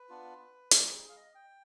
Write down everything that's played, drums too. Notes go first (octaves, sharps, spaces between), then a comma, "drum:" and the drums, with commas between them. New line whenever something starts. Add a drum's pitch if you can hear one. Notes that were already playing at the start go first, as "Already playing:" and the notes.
Already playing: B4
B3 D4 F4
drum: hi-hat
G3 C4 D#4 G#4
F5
D#5
G5